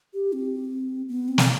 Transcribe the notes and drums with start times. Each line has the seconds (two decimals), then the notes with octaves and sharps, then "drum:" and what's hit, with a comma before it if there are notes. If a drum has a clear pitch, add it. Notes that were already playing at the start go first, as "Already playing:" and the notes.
0.13 G4
0.33 C4
1.09 B3
1.28 C4
1.38 drum: snare